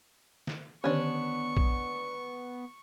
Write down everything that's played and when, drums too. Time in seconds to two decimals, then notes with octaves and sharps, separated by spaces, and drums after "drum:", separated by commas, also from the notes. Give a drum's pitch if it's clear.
0.47 drum: snare
0.84 D3 D#3 B3 C#4 D4 G4 C#6
1.57 drum: kick A#1